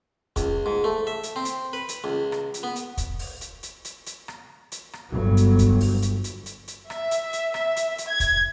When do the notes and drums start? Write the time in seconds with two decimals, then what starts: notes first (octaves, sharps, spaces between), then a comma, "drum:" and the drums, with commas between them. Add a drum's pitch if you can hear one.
0.36 C#2, drum: kick, hi-hat
0.66 G#2
0.84 A3
1.07 E5
1.23 drum: hi-hat
1.36 C4
1.45 drum: hi-hat
1.73 B4
1.89 drum: hi-hat
2.04 C#2
2.32 drum: rim click
2.54 drum: hi-hat
2.63 B3
2.76 drum: hi-hat
2.97 drum: kick, hi-hat
3.19 drum: open hi-hat
3.41 drum: hi-hat
3.63 drum: hi-hat
3.85 drum: hi-hat
4.06 drum: hi-hat
4.28 drum: rim click
4.72 drum: hi-hat
4.93 drum: rim click
5.11 G1 F#3
5.37 drum: hi-hat
5.59 drum: kick, hi-hat
5.81 drum: open hi-hat
6.02 drum: hi-hat
6.24 drum: hi-hat
6.46 drum: hi-hat
6.68 drum: hi-hat
6.90 E5, drum: rim click
7.11 drum: hi-hat
7.33 drum: hi-hat
7.54 E5, drum: rim click
7.76 drum: hi-hat
7.98 drum: hi-hat
8.08 G#6
8.20 drum: kick, hi-hat